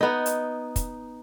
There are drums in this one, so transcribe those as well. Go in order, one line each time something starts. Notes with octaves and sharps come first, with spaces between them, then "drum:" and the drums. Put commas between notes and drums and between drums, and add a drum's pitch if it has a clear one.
B3 D#4
drum: hi-hat
drum: kick, hi-hat